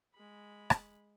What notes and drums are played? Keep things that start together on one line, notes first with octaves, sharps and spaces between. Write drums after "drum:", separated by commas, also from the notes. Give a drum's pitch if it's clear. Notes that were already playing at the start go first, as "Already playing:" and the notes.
G#3 B5
drum: rim click